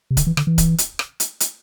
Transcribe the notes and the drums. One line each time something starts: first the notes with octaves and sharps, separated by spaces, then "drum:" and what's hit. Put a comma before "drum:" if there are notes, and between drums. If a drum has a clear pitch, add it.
C3
D3, drum: kick C#1, hi-hat
E3
D3, drum: rim click
E3
drum: kick C#1, hi-hat
drum: hi-hat
drum: rim click
drum: hi-hat
drum: hi-hat